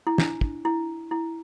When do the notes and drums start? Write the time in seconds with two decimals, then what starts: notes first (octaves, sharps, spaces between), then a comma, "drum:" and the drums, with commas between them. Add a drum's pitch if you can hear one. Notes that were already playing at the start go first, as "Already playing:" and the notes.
0.07 E4
0.18 D4, drum: snare
0.41 drum: kick
0.65 E4
1.11 E4